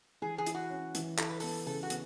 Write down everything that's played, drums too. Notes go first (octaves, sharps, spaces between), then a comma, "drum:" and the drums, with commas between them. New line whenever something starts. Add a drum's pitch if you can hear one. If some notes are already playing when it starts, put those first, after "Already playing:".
E3 G#4
G#4
E4, drum: hi-hat
F#4
C#4
E3, drum: hi-hat
E4 A4, drum: clap
B4
B3 A4, drum: open hi-hat
C#3 A4
F#4
B3, drum: hi-hat